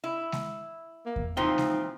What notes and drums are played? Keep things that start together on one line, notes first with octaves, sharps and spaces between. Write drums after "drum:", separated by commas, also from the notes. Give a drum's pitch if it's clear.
E4
drum: snare G#3
A#3
drum: kick E2
A#2 E3 F3 C4 D#4
drum: snare G#3